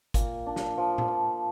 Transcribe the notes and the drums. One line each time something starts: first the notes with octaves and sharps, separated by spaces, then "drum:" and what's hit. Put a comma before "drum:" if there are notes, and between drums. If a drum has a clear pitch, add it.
A#2, drum: kick, hi-hat
D4
drum: snare
F3
drum: tom A2
F3